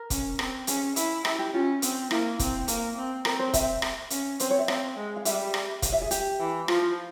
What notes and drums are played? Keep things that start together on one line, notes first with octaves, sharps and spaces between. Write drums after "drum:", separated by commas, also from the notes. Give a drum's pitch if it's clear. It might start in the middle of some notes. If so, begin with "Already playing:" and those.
Already playing: A#4
C#4, drum: kick, hi-hat
C4, drum: rim click
C#4 G#4, drum: hi-hat
E4, drum: hi-hat
E4 G4, drum: rim click
G4
C#4 F4
C4, drum: hi-hat
A#3 E4, drum: rim click
C4, drum: kick, hi-hat
A#3, drum: hi-hat
C4
C4 A#4, drum: rim click
C5
E5, drum: kick, hi-hat
drum: rim click
C#4, drum: hi-hat
C4 C5, drum: hi-hat
C#5
E5
C4 F5, drum: rim click
G#3
F5
G3 E5, drum: hi-hat
drum: rim click
F5, drum: kick, hi-hat
E5
G#4
G4, drum: hi-hat
E3
F3 F4, drum: rim click
F4